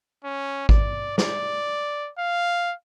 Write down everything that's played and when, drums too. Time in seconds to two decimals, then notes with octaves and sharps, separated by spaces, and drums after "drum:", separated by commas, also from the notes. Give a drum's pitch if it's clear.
0.24 C#4
0.69 D5, drum: kick G#1
1.18 D5, drum: snare
2.18 F5